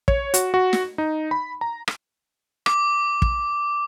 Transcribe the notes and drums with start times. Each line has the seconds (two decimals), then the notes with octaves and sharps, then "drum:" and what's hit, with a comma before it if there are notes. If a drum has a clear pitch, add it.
0.08 C#5, drum: kick
0.34 F#4, drum: hi-hat
0.54 F#4
0.73 drum: snare
0.98 D#4
1.31 B5
1.61 A#5
1.88 drum: rim click
2.66 D6, drum: rim click
3.22 drum: kick